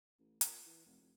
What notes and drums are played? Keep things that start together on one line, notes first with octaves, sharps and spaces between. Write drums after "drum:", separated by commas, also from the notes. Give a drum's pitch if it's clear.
A1
A#2, drum: hi-hat
E3
F1
F1